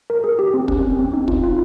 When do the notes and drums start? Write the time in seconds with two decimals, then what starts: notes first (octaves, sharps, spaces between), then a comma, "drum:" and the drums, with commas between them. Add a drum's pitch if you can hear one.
0.10 A#4
0.24 G#4
0.39 G4
0.54 C4
0.68 C#4, drum: kick
0.83 C#4
0.99 C4
1.13 D#4
1.28 F4, drum: kick
1.44 F4